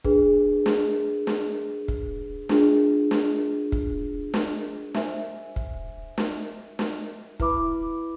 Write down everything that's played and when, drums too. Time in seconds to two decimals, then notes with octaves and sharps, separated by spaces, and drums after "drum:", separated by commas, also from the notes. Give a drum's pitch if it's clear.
0.04 D4 G#4 B4, drum: kick
0.66 drum: snare
1.27 drum: snare
1.88 drum: kick
2.49 D4 F4 G#4, drum: snare
3.11 drum: snare
3.72 drum: kick
4.34 drum: snare
4.94 C5 E5 G#5, drum: snare
5.56 drum: kick
6.18 drum: snare
6.79 drum: snare
7.40 E4 B4 E5 B5 D6, drum: kick